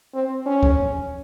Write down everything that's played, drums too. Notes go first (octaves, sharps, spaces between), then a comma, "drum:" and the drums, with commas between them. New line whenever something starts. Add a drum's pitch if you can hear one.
C4
C#4
drum: kick C#2